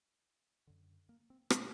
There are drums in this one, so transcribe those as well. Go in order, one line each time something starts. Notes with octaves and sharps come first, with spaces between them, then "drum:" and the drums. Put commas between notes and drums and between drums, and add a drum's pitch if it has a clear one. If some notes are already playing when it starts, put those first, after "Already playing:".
F#2 D3
A#3
C4
A2 D4, drum: rim click